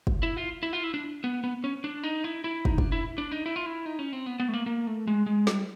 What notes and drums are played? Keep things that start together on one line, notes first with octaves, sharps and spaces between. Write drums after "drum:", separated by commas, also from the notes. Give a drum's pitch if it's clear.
drum: kick
E4
F4
E4
F4
E4
D4
B3
B3
C#4
D4
D#4
E4
E4
D#4, drum: kick
D4, drum: kick
E4
D4
D#4
E4
F4
E4
D#4
C#4
C4
B3
B3
A3
A#3
A#3
A3
G#3
G#3
G3, drum: snare